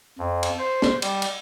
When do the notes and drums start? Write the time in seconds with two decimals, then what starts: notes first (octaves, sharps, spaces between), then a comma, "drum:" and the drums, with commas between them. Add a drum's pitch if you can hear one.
0.18 F2
0.43 drum: cymbal
0.59 C5
0.82 drum: snare
1.02 G3, drum: cymbal
1.22 drum: cymbal